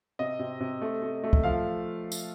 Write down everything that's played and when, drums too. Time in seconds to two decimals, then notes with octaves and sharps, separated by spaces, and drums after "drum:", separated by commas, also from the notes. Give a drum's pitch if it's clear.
0.19 C3 D#5
0.39 C3
0.61 C3
0.82 A3
1.02 A3
1.24 A3
1.33 drum: kick
1.44 F3 F5
2.12 drum: tambourine